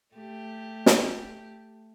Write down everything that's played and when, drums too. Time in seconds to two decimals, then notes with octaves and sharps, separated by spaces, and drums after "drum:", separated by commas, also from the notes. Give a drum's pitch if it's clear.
0.15 A3 G4
0.86 drum: snare